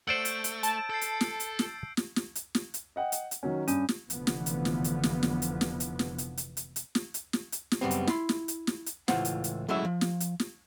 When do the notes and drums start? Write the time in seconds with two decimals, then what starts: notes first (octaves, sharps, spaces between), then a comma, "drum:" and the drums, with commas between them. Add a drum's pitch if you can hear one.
0.08 A3 C5 D5 F#5 E6 G6 D7
0.25 drum: hi-hat
0.44 drum: hi-hat
0.63 A5, drum: hi-hat
0.90 A4 E6 G6 C7
1.01 drum: hi-hat
1.21 drum: snare
1.40 drum: hi-hat
1.59 drum: snare
1.97 drum: snare
2.16 drum: snare
2.35 drum: hi-hat
2.55 drum: snare
2.74 drum: hi-hat
2.96 D#5 F#5 G5
3.12 drum: hi-hat
3.31 drum: hi-hat
3.43 D#3 F#3 C#4
3.68 G2 C#4, drum: hi-hat
3.89 drum: snare
4.10 F1 D3 E3 F3 B3, drum: hi-hat
4.27 drum: snare
4.46 drum: hi-hat
4.65 drum: snare
4.84 drum: hi-hat
5.03 drum: snare
5.23 drum: snare
5.42 drum: hi-hat
5.61 drum: snare
5.80 drum: hi-hat
5.99 drum: snare
6.18 drum: hi-hat
6.37 drum: hi-hat
6.57 drum: hi-hat
6.76 drum: hi-hat
6.95 drum: snare
7.14 drum: hi-hat
7.33 drum: snare
7.52 drum: hi-hat
7.72 drum: snare
7.81 F#2 C#3 F#3 G3 B3 C4
7.91 drum: hi-hat
8.07 E4 C6, drum: snare
8.29 drum: snare
8.48 drum: hi-hat
8.67 drum: snare
8.86 drum: hi-hat
9.08 C#2 A2 E3 F4 C5 F#5, drum: snare
9.25 drum: hi-hat
9.44 drum: hi-hat
9.68 F#3 G#3 A3 C#4 E4 E5
9.85 F3
10.01 drum: snare
10.20 drum: hi-hat
10.40 drum: snare